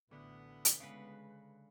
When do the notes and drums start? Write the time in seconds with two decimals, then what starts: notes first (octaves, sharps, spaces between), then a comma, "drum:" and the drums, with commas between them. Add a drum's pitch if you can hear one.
0.11 A1 D2 D3 E3 B3
0.65 drum: hi-hat
0.80 C#3 G#3 B4